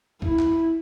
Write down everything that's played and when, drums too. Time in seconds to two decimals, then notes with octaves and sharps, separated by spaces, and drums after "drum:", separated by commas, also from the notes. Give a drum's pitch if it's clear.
0.22 E4, drum: kick
0.39 drum: clap